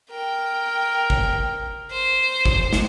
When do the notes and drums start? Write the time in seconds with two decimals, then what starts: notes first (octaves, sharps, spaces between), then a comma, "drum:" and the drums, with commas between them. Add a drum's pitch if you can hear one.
0.11 A#4 G5
1.10 drum: kick G#1
1.91 C5
2.45 drum: kick G#1
2.73 drum: snare